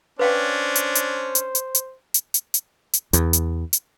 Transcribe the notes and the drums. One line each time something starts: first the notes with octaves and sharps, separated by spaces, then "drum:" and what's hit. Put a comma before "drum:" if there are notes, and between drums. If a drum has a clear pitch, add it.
C#4 D4 B4 C5 F5 G5
drum: hi-hat
drum: hi-hat
drum: hi-hat
drum: hi-hat
drum: hi-hat
drum: hi-hat
drum: hi-hat
drum: hi-hat
drum: hi-hat
E2, drum: hi-hat
drum: hi-hat
drum: hi-hat